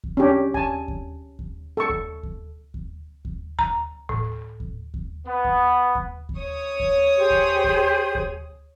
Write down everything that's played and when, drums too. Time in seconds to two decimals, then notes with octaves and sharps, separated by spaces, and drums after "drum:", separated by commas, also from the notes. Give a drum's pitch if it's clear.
0.04 drum: kick D#2
0.17 C#4 D4 G4
0.54 G#5 A5, drum: kick D#2
0.88 drum: kick D#2
1.39 drum: kick D#2
1.77 A4 C#6
1.90 drum: kick D#2
2.23 drum: kick D#2
2.74 drum: kick D#2
3.25 drum: kick D#2
3.59 A#5, drum: kick D#2
4.09 A2, drum: kick D#2
4.60 drum: kick D#2
4.94 drum: kick D#2
5.27 B3
5.44 drum: kick D#2
5.95 drum: kick D#2
6.29 drum: kick D#2
6.38 C#5 D#6
6.80 drum: kick D#2
7.17 G4 G#4 C5
7.30 drum: kick D#2
7.64 drum: kick D#2
8.15 drum: kick D#2